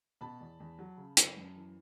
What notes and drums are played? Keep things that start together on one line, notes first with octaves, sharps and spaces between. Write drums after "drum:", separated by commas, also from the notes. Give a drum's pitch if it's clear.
B2 A5 B5
E2
E2
F#3
C#3
F#2, drum: hi-hat
F#2
E3